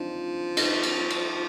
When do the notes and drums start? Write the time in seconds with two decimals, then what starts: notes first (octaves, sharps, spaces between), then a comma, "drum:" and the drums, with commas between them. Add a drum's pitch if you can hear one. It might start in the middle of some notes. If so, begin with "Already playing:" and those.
Already playing: F3 C4 D4 D#4
0.57 D#4, drum: cymbal
0.83 drum: cymbal
1.10 drum: cymbal